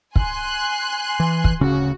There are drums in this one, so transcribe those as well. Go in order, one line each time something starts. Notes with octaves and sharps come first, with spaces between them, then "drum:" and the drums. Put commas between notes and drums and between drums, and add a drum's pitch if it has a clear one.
G#5 C6 F#6, drum: kick
E3
drum: kick
D1 C#3 C#4 F#4